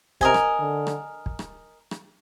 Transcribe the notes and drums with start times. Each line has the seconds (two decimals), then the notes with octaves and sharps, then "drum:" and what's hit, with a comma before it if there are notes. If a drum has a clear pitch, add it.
0.21 C3 A#4 D#5 G#5, drum: kick
0.34 drum: rim click
0.60 D3
0.87 drum: rim click
1.26 drum: kick
1.39 drum: rim click
1.91 drum: rim click